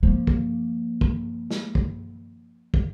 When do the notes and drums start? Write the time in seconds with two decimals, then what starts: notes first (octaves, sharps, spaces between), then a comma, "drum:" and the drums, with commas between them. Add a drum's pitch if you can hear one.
0.03 F3 A#3
0.27 drum: kick
1.01 drum: kick
1.51 drum: snare
1.75 drum: kick
2.74 drum: kick